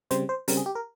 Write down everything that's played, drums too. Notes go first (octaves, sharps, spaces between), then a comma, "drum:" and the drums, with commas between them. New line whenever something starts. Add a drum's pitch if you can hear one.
C#3 G3 C4 C5, drum: hi-hat
C5
C#3 G3 C4 A#4, drum: open hi-hat
G#4
G4
A#4